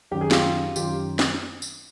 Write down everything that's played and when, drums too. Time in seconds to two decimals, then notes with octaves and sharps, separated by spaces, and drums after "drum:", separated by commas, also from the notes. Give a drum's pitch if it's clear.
0.11 F#2 D#3 G4
0.21 G#4
0.31 F4 G4, drum: snare
0.76 F#2 D#3 F4 G4, drum: tambourine
1.19 drum: snare
1.62 drum: tambourine